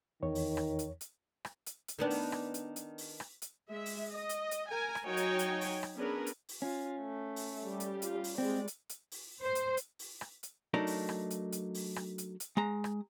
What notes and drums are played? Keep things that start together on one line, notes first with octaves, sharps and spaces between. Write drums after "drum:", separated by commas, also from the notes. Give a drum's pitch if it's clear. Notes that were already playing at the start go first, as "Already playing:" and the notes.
E2 D#3 C#5
drum: open hi-hat
drum: rim click
drum: hi-hat
drum: hi-hat
drum: rim click
drum: hi-hat
drum: hi-hat
D#3 B3 D4
drum: open hi-hat
drum: rim click
drum: hi-hat
drum: hi-hat
drum: open hi-hat
drum: rim click
drum: hi-hat
G#3 E5
drum: open hi-hat
D#5
drum: hi-hat
drum: hi-hat
A#4 G#5
drum: rim click
F#3 D#4 F#4 C#5 G5 G#5
drum: hi-hat
drum: hi-hat
drum: open hi-hat
drum: rim click
B3 C#4 D4 G#4 A#4 B4
drum: hi-hat
drum: open hi-hat
C#4 F4
A3
drum: open hi-hat
G3 G4
drum: hi-hat
F4, drum: hi-hat
drum: open hi-hat
G3 G#3 C4 D5
drum: hi-hat
drum: hi-hat
drum: open hi-hat
C5
drum: hi-hat
drum: hi-hat
drum: open hi-hat
drum: rim click
drum: hi-hat
F#3 A3 D4 D#4 A#4
drum: open hi-hat
drum: rim click
drum: hi-hat
drum: hi-hat
drum: open hi-hat
drum: rim click
drum: hi-hat
drum: hi-hat
G#3 A#5
drum: rim click